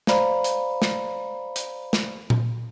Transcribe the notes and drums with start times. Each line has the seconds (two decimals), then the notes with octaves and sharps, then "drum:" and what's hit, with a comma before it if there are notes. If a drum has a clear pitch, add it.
0.07 C5 D5 F5 A#5 B5, drum: snare
0.44 drum: hi-hat
0.82 drum: snare
1.56 drum: hi-hat
1.93 drum: snare
2.30 drum: tom A#2